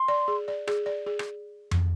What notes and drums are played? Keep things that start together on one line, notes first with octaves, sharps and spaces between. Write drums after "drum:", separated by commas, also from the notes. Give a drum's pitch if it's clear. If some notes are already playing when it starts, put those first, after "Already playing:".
Already playing: C6
D5
G#4
D5
G#4, drum: rim click
D5
G#4
drum: rim click
drum: tom F2